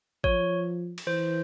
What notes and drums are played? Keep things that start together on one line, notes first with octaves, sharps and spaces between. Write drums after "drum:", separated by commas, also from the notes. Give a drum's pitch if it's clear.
F3 C#5, drum: kick G#1
drum: cymbal
E3 C5